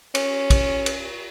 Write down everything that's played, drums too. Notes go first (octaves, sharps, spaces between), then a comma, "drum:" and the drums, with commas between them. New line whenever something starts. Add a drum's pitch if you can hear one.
C#4, drum: cymbal
drum: kick, cymbal
drum: cymbal